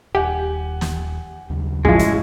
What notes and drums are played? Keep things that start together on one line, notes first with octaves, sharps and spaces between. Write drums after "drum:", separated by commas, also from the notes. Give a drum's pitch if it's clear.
D#1 G4 F#5 G#5
drum: snare
D#2 C#3 F#3
F#2 A2 F3 G#3 G#4, drum: kick
drum: hi-hat